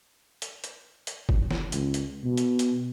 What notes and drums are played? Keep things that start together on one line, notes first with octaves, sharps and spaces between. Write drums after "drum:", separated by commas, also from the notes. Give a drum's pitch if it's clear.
drum: hi-hat
drum: hi-hat
drum: hi-hat
drum: kick F#1
drum: snare
C#2, drum: hi-hat
drum: hi-hat
B2
drum: hi-hat
drum: hi-hat